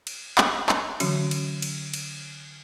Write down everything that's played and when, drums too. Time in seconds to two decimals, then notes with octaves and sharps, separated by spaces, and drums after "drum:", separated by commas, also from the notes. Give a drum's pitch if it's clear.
0.07 drum: cymbal
0.38 drum: clap
0.69 drum: clap
1.00 D3 E3 F#3 C#4 F#4, drum: cymbal
1.31 drum: cymbal
1.62 drum: cymbal
1.94 drum: cymbal